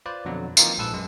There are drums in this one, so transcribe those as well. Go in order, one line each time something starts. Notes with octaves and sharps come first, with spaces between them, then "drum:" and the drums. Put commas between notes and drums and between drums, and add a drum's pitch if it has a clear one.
F4 B4 C5 D5
F2 B2 D3 F#3
E3 F3 A#3 C4 D#4 F4, drum: tambourine
A#1 G#2 A4 B4 E6
F#2 G#3